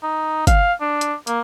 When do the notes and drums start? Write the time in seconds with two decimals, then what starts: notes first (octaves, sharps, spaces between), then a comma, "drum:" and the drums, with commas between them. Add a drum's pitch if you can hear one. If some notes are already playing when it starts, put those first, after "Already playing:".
0.03 D#4
0.47 F5, drum: kick, hi-hat
0.81 D4
1.01 drum: hi-hat
1.27 A#3, drum: hi-hat